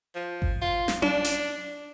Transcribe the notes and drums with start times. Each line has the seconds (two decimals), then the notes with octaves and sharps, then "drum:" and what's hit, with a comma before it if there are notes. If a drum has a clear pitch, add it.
0.15 F3
0.42 drum: kick G#1
0.62 F4
0.88 drum: snare
1.02 D4, drum: tom C#4
1.25 drum: hi-hat